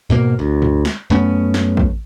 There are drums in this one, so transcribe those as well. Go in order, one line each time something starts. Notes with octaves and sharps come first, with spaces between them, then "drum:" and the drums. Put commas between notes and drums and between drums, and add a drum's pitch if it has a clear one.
G#2 B2 A#3
D2
drum: tom G2
drum: snare
F#2 A3 B3 C#4
drum: snare
drum: kick A1